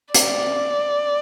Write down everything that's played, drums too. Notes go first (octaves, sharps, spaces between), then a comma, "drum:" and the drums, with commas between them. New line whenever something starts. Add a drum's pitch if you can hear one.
D5, drum: hi-hat